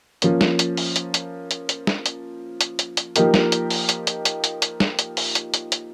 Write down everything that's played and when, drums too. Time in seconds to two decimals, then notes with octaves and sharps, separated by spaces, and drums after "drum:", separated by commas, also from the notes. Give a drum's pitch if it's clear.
0.22 F3 A#3 C#4, drum: hi-hat
0.41 drum: snare
0.59 drum: hi-hat
0.77 drum: open hi-hat
0.96 drum: hi-hat
1.14 drum: hi-hat
1.51 drum: hi-hat
1.69 drum: hi-hat
1.87 drum: snare
2.06 drum: hi-hat
2.61 drum: hi-hat
2.79 drum: hi-hat
2.97 drum: hi-hat
3.16 F3 A#3 D#4 G4 A#4, drum: hi-hat
3.34 drum: snare
3.52 drum: hi-hat
3.70 drum: open hi-hat
3.89 drum: hi-hat
4.07 drum: hi-hat
4.25 drum: hi-hat
4.44 drum: hi-hat
4.62 drum: hi-hat
4.80 drum: snare
4.99 drum: hi-hat
5.17 drum: open hi-hat
5.35 drum: hi-hat
5.54 drum: hi-hat
5.72 drum: hi-hat